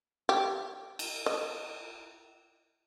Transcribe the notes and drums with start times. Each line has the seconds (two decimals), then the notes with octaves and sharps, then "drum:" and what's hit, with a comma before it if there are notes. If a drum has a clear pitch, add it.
0.29 G4
0.99 drum: cymbal
1.26 D#5